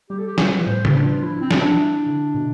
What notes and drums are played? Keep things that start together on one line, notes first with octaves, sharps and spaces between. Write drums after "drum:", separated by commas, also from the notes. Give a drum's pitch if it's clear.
G3 G4
A4
G4
G3 B4, drum: snare
B4
A2 C5
B4, drum: tom C#3
D4
F4
F3 E4
C4
E4, drum: snare
D4
E4
D3
B2